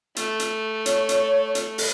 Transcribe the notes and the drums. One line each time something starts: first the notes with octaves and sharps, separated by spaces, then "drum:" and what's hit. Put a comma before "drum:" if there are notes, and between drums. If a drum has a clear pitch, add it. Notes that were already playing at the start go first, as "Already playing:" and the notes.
A3, drum: hi-hat
drum: hi-hat
C#5, drum: hi-hat
drum: hi-hat
drum: hi-hat
drum: open hi-hat